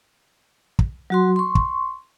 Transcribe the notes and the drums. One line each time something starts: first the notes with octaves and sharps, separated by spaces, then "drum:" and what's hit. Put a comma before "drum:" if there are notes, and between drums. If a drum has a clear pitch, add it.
drum: kick
F#3 F#4 C6
C6 C#6
drum: kick